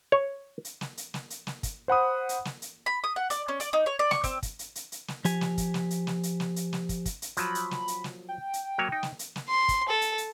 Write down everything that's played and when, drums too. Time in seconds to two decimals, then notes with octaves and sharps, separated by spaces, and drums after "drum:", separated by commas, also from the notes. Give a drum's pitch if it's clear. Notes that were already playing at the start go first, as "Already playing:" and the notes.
0.12 C#5
0.65 drum: hi-hat
0.81 drum: snare
0.97 drum: hi-hat
1.14 drum: snare
1.30 drum: hi-hat
1.47 drum: snare
1.63 drum: kick, hi-hat
1.88 C5 F#5 B5 D#6
2.29 drum: hi-hat
2.45 drum: snare
2.62 drum: hi-hat
2.86 B5
3.04 D#6
3.16 F#5
3.30 D5, drum: hi-hat
3.48 C#4
3.60 D5, drum: hi-hat
3.73 D#4
3.86 C#5
3.99 D5
4.11 C#6, drum: snare
4.24 C4, drum: kick, hi-hat
4.43 drum: kick, hi-hat
4.59 drum: hi-hat
4.75 drum: hi-hat
4.92 drum: hi-hat
5.08 drum: snare
5.25 F3 G4 G#5, drum: hi-hat
5.41 drum: snare
5.58 drum: kick, hi-hat
5.74 drum: snare
5.90 drum: hi-hat
6.07 drum: snare
6.23 drum: hi-hat
6.40 drum: snare
6.56 drum: hi-hat
6.73 drum: snare
6.89 drum: kick, hi-hat
7.06 drum: kick, hi-hat
7.22 drum: hi-hat
7.37 F3 F#3 B5, drum: hi-hat
7.55 drum: hi-hat
7.71 drum: snare
7.88 drum: hi-hat
8.04 drum: snare
8.29 G5
8.53 drum: hi-hat
8.78 F#3 A#3 C#5
8.92 D#4
9.03 drum: snare
9.19 drum: hi-hat
9.36 drum: snare
9.49 C6
9.68 drum: kick, hi-hat
9.89 A4
10.01 drum: hi-hat
10.18 drum: hi-hat